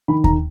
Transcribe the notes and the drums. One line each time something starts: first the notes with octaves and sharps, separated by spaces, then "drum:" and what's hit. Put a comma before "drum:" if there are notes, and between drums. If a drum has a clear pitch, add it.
D#3 B5
A#5, drum: kick D#2